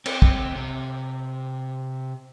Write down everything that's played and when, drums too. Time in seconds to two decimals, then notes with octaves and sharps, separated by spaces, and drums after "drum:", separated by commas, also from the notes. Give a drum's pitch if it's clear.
0.06 C4, drum: cymbal
0.22 drum: kick
0.56 C3